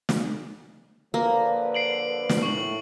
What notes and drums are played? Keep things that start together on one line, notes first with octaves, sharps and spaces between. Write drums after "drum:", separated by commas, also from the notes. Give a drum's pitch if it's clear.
drum: snare
D3 F3 A#3 B4
C7 D7 F#7
drum: snare
A2 C#6 F#7